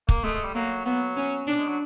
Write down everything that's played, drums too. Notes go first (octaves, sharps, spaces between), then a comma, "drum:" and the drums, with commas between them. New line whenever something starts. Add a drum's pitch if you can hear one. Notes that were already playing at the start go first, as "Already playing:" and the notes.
A#3, drum: kick
G#3 A3
G#3
G3
F#3 A#3
F#3 B3
C#4
D4
G#3
F#3